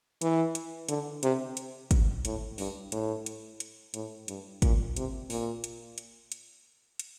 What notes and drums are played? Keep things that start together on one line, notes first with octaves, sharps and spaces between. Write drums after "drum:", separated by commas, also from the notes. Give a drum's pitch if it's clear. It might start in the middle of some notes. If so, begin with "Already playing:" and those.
E3, drum: hi-hat
drum: hi-hat
D3, drum: hi-hat
C3, drum: hi-hat
drum: hi-hat
drum: kick, hi-hat
A2, drum: hi-hat
G2, drum: open hi-hat
A2, drum: hi-hat
drum: hi-hat
drum: hi-hat
A2, drum: hi-hat
G2, drum: hi-hat
A#2, drum: kick, hi-hat
C3, drum: hi-hat
A#2, drum: open hi-hat
drum: hi-hat
drum: hi-hat
drum: hi-hat
drum: hi-hat